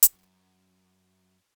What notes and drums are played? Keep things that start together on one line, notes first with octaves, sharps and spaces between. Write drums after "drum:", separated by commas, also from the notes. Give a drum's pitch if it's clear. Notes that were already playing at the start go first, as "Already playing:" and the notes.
drum: hi-hat
F#2